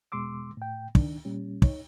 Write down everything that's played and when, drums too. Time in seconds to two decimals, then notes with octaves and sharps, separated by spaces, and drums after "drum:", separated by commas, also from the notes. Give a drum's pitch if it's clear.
0.12 E2 B2 G#3 C6 D6 E6
0.57 A2 G5
0.95 C#2 D#3 D4, drum: kick
1.25 A#2 G3 C#4
1.62 D#4 C#5, drum: kick